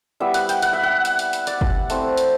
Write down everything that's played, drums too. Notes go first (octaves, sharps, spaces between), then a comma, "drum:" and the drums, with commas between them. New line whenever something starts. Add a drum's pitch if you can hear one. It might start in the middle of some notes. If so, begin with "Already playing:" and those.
G3 B3 E4 E5
F#5, drum: hi-hat
G5, drum: hi-hat
F#5, drum: hi-hat
E5
F#5
drum: hi-hat
drum: hi-hat
drum: hi-hat
D5, drum: hi-hat
drum: kick
A3 C4 E4, drum: hi-hat
drum: hi-hat